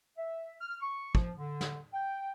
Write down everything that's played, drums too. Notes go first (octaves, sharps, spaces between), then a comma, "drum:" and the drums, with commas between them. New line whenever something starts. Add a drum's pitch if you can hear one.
E5
F6
C#6
F3, drum: kick
D3
drum: snare
G5